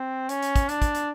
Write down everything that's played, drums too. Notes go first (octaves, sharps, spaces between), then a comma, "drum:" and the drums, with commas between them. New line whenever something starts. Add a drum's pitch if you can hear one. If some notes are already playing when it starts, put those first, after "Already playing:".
Already playing: C4
C#4, drum: hi-hat
drum: hi-hat
drum: kick, hi-hat
D4, drum: hi-hat
drum: kick, hi-hat
drum: hi-hat